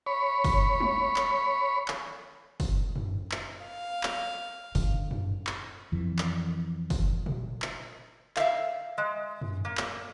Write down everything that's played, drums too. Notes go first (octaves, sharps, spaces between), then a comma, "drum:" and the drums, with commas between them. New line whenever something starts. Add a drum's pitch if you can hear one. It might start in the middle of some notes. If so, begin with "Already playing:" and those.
C#5 B5
drum: kick, open hi-hat
drum: tom G3
drum: clap
drum: clap
drum: kick, open hi-hat
drum: tom F#2
drum: clap
F5
drum: clap
D3, drum: kick, open hi-hat
drum: tom F#2
drum: clap
F2 E3
drum: clap
drum: kick, open hi-hat
drum: tom A#2
drum: clap
E5 F5, drum: clap
G#3
drum: tom F#2
A#3
drum: clap